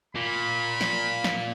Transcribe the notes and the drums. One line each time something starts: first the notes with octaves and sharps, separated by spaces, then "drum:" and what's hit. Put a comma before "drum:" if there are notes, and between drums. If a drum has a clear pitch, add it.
A#2 B5
drum: snare
drum: snare